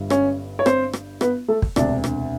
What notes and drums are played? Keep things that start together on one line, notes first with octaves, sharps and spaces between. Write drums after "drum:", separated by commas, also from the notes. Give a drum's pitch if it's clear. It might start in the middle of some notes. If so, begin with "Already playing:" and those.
Already playing: G1 G2 G3
C#4 C#5, drum: rim click
C#5
C4 C5, drum: rim click
drum: rim click
B3 B4, drum: rim click
A3 A4
drum: kick
E1 D2 C3 D4 D5, drum: rim click
drum: rim click